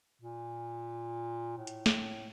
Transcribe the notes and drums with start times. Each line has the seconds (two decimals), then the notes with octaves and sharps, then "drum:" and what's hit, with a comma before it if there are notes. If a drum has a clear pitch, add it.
0.22 A#2
1.57 A2
1.67 drum: hi-hat
1.86 drum: snare